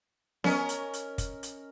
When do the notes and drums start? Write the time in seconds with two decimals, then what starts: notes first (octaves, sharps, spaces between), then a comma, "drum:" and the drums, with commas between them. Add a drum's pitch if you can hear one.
0.44 C#4 A#4 D#5, drum: snare B3
0.69 drum: hi-hat
0.93 drum: hi-hat
1.18 drum: kick, hi-hat
1.43 drum: hi-hat